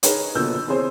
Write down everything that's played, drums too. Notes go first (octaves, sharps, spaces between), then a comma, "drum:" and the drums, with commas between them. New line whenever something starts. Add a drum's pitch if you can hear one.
D#4 G#4 A#4 B4 C#5, drum: hi-hat
A#1 B2 D3 A#3 E6 G6
E3 C4 G#4 C5 C#5